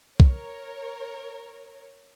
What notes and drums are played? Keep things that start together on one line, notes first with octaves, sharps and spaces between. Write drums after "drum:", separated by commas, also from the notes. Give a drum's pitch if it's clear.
A#4 C#5, drum: kick